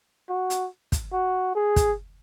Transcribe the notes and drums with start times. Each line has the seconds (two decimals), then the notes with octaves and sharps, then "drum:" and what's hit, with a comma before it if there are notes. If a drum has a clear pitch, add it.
0.29 F#4
0.50 drum: hi-hat
0.92 drum: kick, hi-hat
1.13 F#4
1.55 G#4
1.76 drum: kick, hi-hat